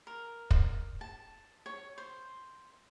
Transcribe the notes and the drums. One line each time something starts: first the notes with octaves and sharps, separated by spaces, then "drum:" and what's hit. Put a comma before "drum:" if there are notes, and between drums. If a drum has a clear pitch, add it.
A#4
drum: kick
A5
C#5
C5